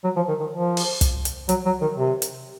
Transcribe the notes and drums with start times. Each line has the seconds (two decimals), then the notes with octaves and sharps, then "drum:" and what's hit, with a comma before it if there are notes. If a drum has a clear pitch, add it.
0.04 F#3
0.16 F3
0.28 D#3
0.40 D#3
0.53 F3
0.77 drum: open hi-hat
1.01 drum: kick, hi-hat
1.25 drum: hi-hat
1.49 F#3, drum: hi-hat
1.66 F#3
1.81 D#3
1.97 C3
2.22 drum: hi-hat